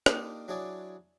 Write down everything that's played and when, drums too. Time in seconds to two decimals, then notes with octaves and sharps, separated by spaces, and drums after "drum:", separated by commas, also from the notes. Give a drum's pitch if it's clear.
0.06 A#3 D4 D#4 F4 G4 A#4, drum: rim click
0.48 F#3 D4 E4 G#4 C#5 D5